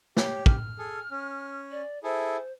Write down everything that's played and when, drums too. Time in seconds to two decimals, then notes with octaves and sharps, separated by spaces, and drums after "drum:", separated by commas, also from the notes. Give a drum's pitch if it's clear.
0.17 G4 C#5, drum: snare
0.46 F6, drum: kick
0.78 G#4 A4
1.11 C#4
1.71 D5
2.03 E4 G#4 A4 C5